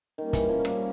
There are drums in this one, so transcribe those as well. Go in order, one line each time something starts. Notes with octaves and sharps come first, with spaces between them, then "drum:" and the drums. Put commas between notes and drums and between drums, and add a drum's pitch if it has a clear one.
D#3 G3 A#3 C#4
E3, drum: kick, hi-hat
F3
A#3, drum: rim click